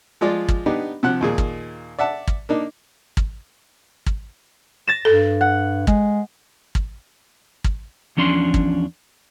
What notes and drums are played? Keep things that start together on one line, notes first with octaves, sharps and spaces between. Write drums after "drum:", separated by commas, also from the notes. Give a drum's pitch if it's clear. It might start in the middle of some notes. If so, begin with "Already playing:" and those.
F3 G#3 F4 D5
drum: kick
B3 D4 D#4 G4
C3 F3 F#5 F#6
D#2 A#2 G#4
drum: kick
D5 E5 F#5 A5
drum: kick
A#3 D4 D#4
drum: kick
drum: kick
A6 A#6 E7
G2 A4
F#5
G#3, drum: kick
drum: kick
drum: kick
E2 F3 C#4 D4 C6
drum: kick